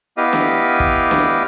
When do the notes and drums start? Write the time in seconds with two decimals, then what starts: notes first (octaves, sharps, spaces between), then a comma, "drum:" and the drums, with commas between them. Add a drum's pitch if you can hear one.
0.17 B3 E4 G4 D#5 F5
0.33 drum: snare
0.80 drum: kick
1.11 drum: snare